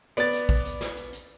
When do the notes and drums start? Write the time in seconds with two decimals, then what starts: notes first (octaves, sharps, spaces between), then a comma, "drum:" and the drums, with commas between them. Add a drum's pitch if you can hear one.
0.17 B3 D5 A6, drum: hi-hat
0.33 drum: hi-hat
0.49 drum: kick A#1, open hi-hat
0.65 drum: hi-hat
0.81 drum: snare
0.97 drum: hi-hat
1.13 drum: hi-hat